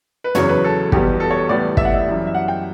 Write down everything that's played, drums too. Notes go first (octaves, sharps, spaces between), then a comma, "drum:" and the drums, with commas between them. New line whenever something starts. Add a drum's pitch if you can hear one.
B4
E2 C#3 F#3 C#5, drum: tom
B4
A4
E2 B2 G3 B3 G4, drum: kick
A4
C#5
A2 E3 G3 B3 D5
E5, drum: kick
F#5
E5
F#2 E3 G3
E5
F#5
G5